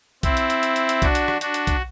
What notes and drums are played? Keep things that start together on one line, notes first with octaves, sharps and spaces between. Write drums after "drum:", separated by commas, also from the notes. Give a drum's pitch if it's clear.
C4 E4, drum: kick B1, hi-hat
drum: hi-hat
drum: hi-hat
drum: hi-hat
drum: hi-hat
drum: hi-hat
D4 F#4, drum: kick B1, hi-hat
drum: hi-hat
drum: rim click
D4 F#4, drum: hi-hat
drum: hi-hat
drum: kick B1, hi-hat